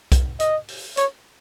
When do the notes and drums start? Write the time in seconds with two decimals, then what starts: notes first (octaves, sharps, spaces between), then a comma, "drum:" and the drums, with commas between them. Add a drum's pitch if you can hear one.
0.12 drum: kick B1, hi-hat
0.40 D#5, drum: hi-hat
0.68 drum: open hi-hat
0.97 C#5, drum: hi-hat